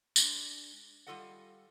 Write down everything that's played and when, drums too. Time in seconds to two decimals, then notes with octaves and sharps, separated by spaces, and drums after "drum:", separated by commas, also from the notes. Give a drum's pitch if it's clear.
0.16 G#3 D4, drum: tambourine
1.07 G3 A3 F4 A4 D#5 F#5